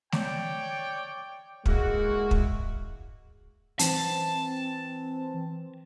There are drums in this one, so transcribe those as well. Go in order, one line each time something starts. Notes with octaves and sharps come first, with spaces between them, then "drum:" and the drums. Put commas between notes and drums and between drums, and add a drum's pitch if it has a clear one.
C#5 D5 G5, drum: snare A3
G#3 A#3 E4 F#4, drum: kick
drum: kick
E3 C4 A5, drum: hi-hat